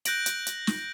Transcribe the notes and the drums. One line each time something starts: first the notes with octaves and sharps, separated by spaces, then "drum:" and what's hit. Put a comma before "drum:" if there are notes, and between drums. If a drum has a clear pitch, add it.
F#6 G6 A#6 D7 F#7, drum: hi-hat
drum: hi-hat
drum: hi-hat
drum: snare